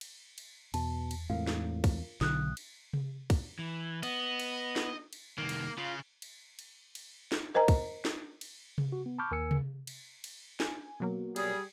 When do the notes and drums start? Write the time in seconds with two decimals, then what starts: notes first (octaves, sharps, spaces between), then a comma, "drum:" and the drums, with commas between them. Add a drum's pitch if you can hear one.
0.01 drum: cymbal
0.38 drum: cymbal
0.74 E2 B2 A5, drum: cymbal
1.11 drum: cymbal
1.30 E2 A2 G#3 C4 F4 A#4 F5
1.47 drum: snare
1.84 drum: kick, cymbal
2.21 B1 D3 D#6 F#6, drum: snare
2.57 drum: cymbal
2.93 drum: tom C3
3.30 drum: kick, cymbal
3.59 E3
4.03 B3 D#5, drum: cymbal
4.40 drum: cymbal
4.76 drum: snare
5.13 drum: cymbal
5.38 C2 D#3 A#3
5.49 drum: cymbal
5.78 C#3 F4
6.22 drum: cymbal
6.59 drum: cymbal
6.95 drum: cymbal
7.32 drum: snare
7.54 A#4 C5 D#5 G#5 A#5
7.68 drum: kick, cymbal
8.05 drum: snare
8.41 drum: cymbal
8.78 drum: tom C3
8.92 F#4
9.06 B3
9.18 A5 B5 C#6 D6 F6 G6
9.31 D#2 A#4 G#5 E6 C#7
9.51 drum: tom C3
9.87 drum: cymbal
10.24 drum: cymbal
10.60 G#5, drum: snare
11.00 B2 F#3 A#3
11.36 G3 G#4, drum: cymbal